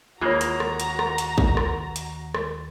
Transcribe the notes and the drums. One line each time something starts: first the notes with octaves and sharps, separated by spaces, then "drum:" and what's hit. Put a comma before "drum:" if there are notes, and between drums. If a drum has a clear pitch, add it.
D#2 E3 G#3 A#3 F4 F#4 C#5 A#5
drum: hi-hat
drum: rim click
drum: hi-hat
drum: rim click
drum: hi-hat
drum: kick
drum: rim click
drum: hi-hat
drum: rim click